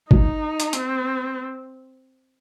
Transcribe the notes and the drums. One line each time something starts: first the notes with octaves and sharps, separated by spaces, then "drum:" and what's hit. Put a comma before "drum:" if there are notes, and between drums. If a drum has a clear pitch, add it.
D#4, drum: kick G#1
drum: hi-hat
C4, drum: hi-hat